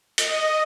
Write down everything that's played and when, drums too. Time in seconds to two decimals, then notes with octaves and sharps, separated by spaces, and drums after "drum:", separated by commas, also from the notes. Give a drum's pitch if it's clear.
0.18 D#5, drum: hi-hat